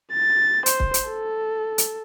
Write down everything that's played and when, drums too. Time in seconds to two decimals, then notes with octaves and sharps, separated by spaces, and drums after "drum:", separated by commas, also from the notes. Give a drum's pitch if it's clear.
0.12 A6
0.66 C5, drum: hi-hat
0.80 drum: kick
0.94 drum: hi-hat
1.08 A4
1.78 drum: hi-hat